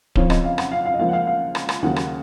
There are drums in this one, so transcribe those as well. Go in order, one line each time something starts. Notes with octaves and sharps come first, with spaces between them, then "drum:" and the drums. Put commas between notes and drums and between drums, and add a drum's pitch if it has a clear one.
F2 C#3 F3 C#5, drum: kick D1
D#5, drum: rim click
F5
F#5, drum: rim click
F5
F5
D#5
C#2 C#3 F3 A#3 F5
F#5
F5
F5
drum: rim click
drum: rim click
D#2 C#3 F#3 A#3 F#5
drum: rim click